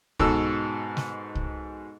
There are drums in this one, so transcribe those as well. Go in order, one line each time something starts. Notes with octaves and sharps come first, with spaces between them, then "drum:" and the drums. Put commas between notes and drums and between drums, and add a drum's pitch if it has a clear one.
G#2 B2 A4 E6, drum: kick C2
drum: snare
drum: kick C2